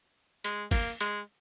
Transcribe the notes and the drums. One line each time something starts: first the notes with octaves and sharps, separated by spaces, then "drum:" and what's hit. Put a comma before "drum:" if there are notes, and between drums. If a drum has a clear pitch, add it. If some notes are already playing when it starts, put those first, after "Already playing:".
G#3, drum: hi-hat
A#3, drum: kick, open hi-hat
G#3, drum: hi-hat